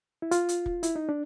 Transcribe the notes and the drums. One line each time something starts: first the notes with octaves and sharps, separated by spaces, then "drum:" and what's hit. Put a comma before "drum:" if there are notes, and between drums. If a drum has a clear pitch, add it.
E4
F4, drum: hi-hat
drum: hi-hat
drum: kick
E4, drum: hi-hat
D#4
D4